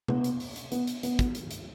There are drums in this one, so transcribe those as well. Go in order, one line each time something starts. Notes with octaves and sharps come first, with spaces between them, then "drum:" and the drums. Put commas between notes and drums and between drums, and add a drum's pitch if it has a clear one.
B3, drum: tom C3
drum: hi-hat
drum: open hi-hat
drum: hi-hat
B3, drum: hi-hat
drum: hi-hat
B3, drum: hi-hat
drum: kick, hi-hat
drum: hi-hat
drum: hi-hat